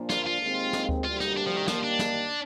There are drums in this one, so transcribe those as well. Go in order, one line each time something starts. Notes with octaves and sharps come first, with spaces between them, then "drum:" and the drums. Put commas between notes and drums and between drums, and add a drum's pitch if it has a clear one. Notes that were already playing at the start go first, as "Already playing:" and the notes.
Already playing: A#2 F3 A#3 D4
F4, drum: snare
F4
D#2 D#3 G#3 C4
drum: snare
drum: kick D2
D2 C3 G3 A#3 F4
D#4, drum: snare
D4
F3
D#3
D#2 D#3 F3 G3 A#3, drum: snare
D4
drum: snare